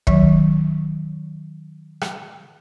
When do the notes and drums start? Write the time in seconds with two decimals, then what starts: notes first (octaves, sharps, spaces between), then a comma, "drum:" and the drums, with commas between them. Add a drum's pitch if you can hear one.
0.07 D#3 F#3, drum: kick
2.01 drum: rim click